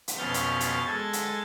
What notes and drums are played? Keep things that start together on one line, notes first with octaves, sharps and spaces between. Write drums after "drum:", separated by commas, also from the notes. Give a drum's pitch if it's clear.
drum: hi-hat
F2 B2 C#4 F6 G6 A6
drum: hi-hat
drum: hi-hat
G#3 A4 G#6 A6
drum: hi-hat